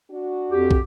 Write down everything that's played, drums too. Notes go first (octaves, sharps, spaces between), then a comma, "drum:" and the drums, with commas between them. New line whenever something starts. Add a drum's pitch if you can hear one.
D4 F#4
F2 G4
drum: kick